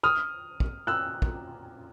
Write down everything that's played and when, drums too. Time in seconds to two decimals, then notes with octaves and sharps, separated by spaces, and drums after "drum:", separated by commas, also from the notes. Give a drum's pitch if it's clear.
0.03 D#6 F6
0.60 drum: kick
0.87 E6 F#6
1.22 drum: kick